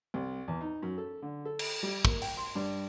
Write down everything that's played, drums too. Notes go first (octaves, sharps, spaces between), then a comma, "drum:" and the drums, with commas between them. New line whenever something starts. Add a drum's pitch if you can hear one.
C2
E2
D#4
F#2
A4
D3
A4
drum: cymbal
G3
A#3, drum: kick
G5, drum: open hi-hat
C6
G2